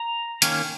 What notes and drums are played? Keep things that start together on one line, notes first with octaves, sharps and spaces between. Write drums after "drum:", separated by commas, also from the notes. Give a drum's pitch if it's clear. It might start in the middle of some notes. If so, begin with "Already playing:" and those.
Already playing: A#5
D#3 A#3 C#4, drum: hi-hat